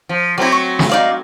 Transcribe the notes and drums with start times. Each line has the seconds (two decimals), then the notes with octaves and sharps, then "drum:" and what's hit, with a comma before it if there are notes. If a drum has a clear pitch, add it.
0.09 F3
0.38 F#3 A3 C4 E4 D5
0.52 C#6
0.79 drum: snare
0.89 D#4 D5 F5